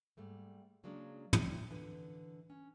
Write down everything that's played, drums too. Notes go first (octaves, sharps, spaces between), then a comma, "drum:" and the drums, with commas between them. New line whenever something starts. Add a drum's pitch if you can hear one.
G#2 G3 A3 A#3
C#3 F#3 G#3 A#3 D4
G3 G4 A#4 B4 E5, drum: tom
D3 E3 B4
C#4